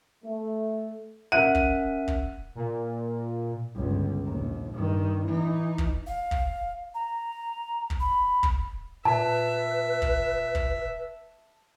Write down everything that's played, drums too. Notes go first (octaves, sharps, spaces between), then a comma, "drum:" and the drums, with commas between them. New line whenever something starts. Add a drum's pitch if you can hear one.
A3
C#4 A#4 E5 F#5 F#6 D#7
drum: kick
drum: kick
A#2
G1 C#2
A#1 D#2
G2 D#3
E3 D#4
drum: kick
F5
drum: kick
A#5
drum: kick
B5
drum: kick
A#2 B4 E5 A5
drum: kick
drum: kick